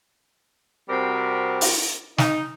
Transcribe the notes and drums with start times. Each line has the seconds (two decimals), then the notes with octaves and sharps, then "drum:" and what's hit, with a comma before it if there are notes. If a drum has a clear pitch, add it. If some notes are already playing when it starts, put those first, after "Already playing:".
0.89 C3 G3 C4 F#4 A#4
1.61 drum: open hi-hat
2.18 D#4, drum: snare